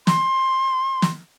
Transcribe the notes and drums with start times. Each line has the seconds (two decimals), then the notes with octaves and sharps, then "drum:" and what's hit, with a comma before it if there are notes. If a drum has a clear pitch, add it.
0.07 C6, drum: snare
1.02 drum: snare